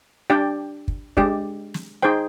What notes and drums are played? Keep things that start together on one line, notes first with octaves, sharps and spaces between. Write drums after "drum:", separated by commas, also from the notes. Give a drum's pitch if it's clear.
D4 G4 D5 G5
drum: kick
G#3 D4 G4 D5, drum: kick
drum: snare
D#4 G#4 C5 G5